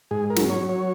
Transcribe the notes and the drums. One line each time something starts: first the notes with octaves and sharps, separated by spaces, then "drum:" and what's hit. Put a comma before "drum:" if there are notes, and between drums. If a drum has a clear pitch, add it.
G#2 G#4
A#4
F#3, drum: snare
C#5
F#3
C#5